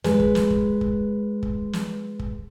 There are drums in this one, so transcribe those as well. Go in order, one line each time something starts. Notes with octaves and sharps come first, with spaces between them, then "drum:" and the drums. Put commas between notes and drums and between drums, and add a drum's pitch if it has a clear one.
G#3 B4, drum: snare
drum: kick
drum: snare
drum: kick
drum: kick
drum: kick
drum: snare
drum: kick